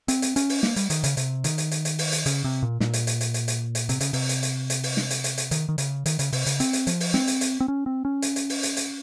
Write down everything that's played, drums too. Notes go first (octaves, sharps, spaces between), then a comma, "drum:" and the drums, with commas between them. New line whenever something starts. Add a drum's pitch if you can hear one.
C4, drum: hi-hat
drum: hi-hat
C#4, drum: hi-hat
drum: open hi-hat
A#3, drum: snare
G3, drum: hi-hat
D#3, drum: hi-hat
C#3, drum: hi-hat
C3, drum: hi-hat
D#3, drum: hi-hat
drum: hi-hat
drum: hi-hat
drum: hi-hat
drum: open hi-hat
drum: hi-hat
C#3, drum: hi-hat
C3
A#2
A#2, drum: snare
drum: hi-hat
drum: hi-hat
drum: hi-hat
drum: hi-hat
drum: hi-hat
drum: hi-hat
C3, drum: hi-hat
C#3, drum: hi-hat
C3, drum: open hi-hat
drum: hi-hat
drum: hi-hat
drum: hi-hat
drum: open hi-hat
drum: snare
drum: hi-hat
drum: hi-hat
drum: hi-hat
D#3, drum: hi-hat
D#3
C#3, drum: hi-hat
D#3, drum: hi-hat
C#3, drum: hi-hat
C3, drum: open hi-hat
C#3, drum: hi-hat
C4, drum: hi-hat
drum: hi-hat
F3, drum: hi-hat
drum: open hi-hat
C4, drum: snare
drum: hi-hat
drum: hi-hat
C4
C#4
C4
C#4
drum: hi-hat
drum: hi-hat
drum: open hi-hat
drum: hi-hat
drum: hi-hat